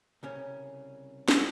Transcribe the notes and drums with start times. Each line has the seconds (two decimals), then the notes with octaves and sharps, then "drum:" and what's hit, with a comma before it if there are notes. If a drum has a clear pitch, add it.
0.23 C2 C#3 C#4
1.28 drum: snare